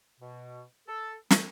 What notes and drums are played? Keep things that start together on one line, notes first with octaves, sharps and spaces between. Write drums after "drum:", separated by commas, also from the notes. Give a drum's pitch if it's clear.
B2
A4
A3, drum: snare